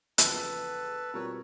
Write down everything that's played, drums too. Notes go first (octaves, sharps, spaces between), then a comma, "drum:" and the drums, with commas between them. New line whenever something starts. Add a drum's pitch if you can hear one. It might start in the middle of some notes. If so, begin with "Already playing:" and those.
E2 C#3 F3 A#3 A4 B4, drum: hi-hat
B2 G3 C4 F4 A#4 B4 C#5